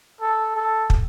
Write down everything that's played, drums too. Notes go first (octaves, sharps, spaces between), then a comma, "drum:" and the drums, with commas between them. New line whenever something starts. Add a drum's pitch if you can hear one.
A4
A4
drum: kick